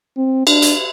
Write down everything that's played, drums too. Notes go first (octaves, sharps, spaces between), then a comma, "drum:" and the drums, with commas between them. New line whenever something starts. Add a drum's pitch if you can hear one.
C4
D4, drum: cymbal
drum: hi-hat